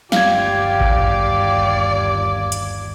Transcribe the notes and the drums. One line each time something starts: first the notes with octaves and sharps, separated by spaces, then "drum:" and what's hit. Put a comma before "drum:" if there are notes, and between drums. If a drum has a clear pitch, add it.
G1 D#2 F4 G4 D5 F5 G#6, drum: snare
drum: kick A1
drum: hi-hat